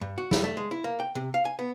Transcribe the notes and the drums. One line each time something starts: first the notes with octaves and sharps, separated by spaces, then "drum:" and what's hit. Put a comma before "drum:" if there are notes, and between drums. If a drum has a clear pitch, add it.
G2
F#4
E4, drum: snare
A3
G#3
E4
A#3
G5
C3
F5
G#5
B3